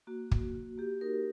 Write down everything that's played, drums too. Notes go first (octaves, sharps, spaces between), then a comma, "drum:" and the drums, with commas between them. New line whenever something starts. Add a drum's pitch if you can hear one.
A#3 F#4
A#3, drum: kick
F#4
A#3 G4
D#4 A#4